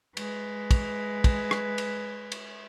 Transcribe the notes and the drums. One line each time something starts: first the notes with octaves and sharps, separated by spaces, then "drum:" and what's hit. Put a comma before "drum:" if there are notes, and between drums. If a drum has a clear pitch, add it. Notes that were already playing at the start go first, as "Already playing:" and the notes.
G#3 B4, drum: cymbal
drum: kick, cymbal
drum: kick, cymbal
drum: rim click
drum: cymbal
drum: cymbal